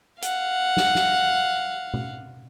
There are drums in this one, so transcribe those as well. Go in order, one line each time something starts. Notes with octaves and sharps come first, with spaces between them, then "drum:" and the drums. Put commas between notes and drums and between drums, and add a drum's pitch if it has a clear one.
F5 F#5, drum: hi-hat
drum: snare
drum: snare
drum: tom B2